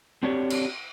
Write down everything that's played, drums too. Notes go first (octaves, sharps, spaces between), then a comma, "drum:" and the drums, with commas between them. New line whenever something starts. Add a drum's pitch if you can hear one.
C4 D4 F#4 G4 C#5
drum: cymbal